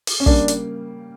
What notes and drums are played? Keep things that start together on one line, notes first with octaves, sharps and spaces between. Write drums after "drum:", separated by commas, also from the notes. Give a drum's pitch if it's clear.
drum: open hi-hat
C#4
C#3 G3 A#3 D4, drum: kick
drum: hi-hat